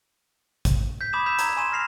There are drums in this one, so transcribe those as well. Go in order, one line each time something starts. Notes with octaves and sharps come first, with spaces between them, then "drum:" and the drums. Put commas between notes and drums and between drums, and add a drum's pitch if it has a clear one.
drum: kick, hi-hat
G6 B6
B5 D6 D#6 G#6 E7
E6 G6 B6 E7 F7
A#5 G#6, drum: hi-hat
G#5 C6 C#6 E7
C6 F6 A#6 C7 F7